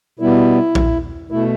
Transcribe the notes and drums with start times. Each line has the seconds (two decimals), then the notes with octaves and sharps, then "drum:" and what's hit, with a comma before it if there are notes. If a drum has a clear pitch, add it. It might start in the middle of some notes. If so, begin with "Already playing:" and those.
0.19 B2 G3 B3 E4
0.75 drum: kick A#1
1.30 B2 A3 E4